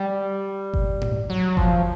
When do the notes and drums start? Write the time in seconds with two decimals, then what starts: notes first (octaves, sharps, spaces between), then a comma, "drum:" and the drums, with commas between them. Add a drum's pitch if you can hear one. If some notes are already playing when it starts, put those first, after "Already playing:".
Already playing: G3
0.74 drum: kick G1
1.01 drum: tom G#2
1.30 F#3
1.57 F3, drum: kick G1